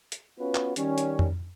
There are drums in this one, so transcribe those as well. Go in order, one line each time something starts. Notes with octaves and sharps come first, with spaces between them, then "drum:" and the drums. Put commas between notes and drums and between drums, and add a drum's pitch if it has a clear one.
drum: hi-hat
B3 C#4 F4 F#4 B4
drum: clap
D#3 G3 C#4, drum: hi-hat
drum: hi-hat
drum: tom F2